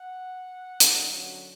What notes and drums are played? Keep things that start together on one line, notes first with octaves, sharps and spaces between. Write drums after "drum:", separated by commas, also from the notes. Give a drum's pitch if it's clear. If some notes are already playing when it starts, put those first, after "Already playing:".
Already playing: F#5
D3 F#3 C#4, drum: hi-hat